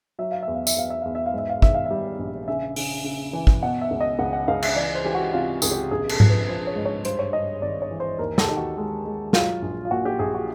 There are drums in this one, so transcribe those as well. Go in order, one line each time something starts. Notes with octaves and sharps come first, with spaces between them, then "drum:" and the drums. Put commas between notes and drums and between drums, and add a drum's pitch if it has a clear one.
F#3 E5
F5
E2 E5
F5
E5, drum: tambourine
E2 F5
E5
E2 F5
E5
F5
G#2 E5
F5
D#3 E5, drum: kick
F5
G3 E5
A#1
C#3 E5
C#3, drum: open hi-hat
C#3
E3
drum: kick
B2 F#5
E5
C#2
D#5
C#2 F#5
F#5
C#2 F5
E5, drum: cymbal
E3 D5
C5
E3 G4
F#4
C3 F4
C#2 G#4, drum: tambourine
G4
A#1 G#4
A4, drum: cymbal
F3, drum: tom G#2
B4
F3 C5
C#5
G#2
C#5
G2 C5, drum: hi-hat
C#5
G2 D#5
G#1 D5
C#5
E3
C5
D#2 A#4
A4, drum: snare
D#3 G4
F#4
G#3
G#3
F#3 F4, drum: snare
A#1
F4
A#2 F#4
G4
A#1 G#4
F#4